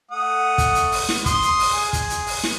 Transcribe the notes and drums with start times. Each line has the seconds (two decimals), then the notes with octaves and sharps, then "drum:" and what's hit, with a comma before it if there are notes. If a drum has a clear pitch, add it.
0.11 A3 F#5 D#6
0.58 drum: kick, hi-hat
0.75 drum: hi-hat
0.92 drum: open hi-hat
1.09 drum: snare
1.26 C6 D#6, drum: kick, hi-hat
1.42 drum: hi-hat
1.59 drum: open hi-hat
1.73 G#4
1.93 drum: kick, hi-hat
2.10 drum: hi-hat
2.27 drum: open hi-hat
2.44 drum: snare